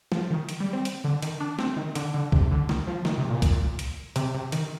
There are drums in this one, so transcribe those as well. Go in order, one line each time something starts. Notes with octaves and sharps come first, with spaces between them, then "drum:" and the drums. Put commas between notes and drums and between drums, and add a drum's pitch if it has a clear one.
F3, drum: snare
D#3
drum: hi-hat
G3
C4
drum: hi-hat
D3
D#3, drum: hi-hat
D4
C4, drum: snare
D#3
D3, drum: hi-hat
D3
C3, drum: kick B1
D3
D#3, drum: snare
F3
D#3, drum: snare
C3
A#2
drum: kick B1, hi-hat
drum: hi-hat
C3, drum: hi-hat
C3
D#3, drum: hi-hat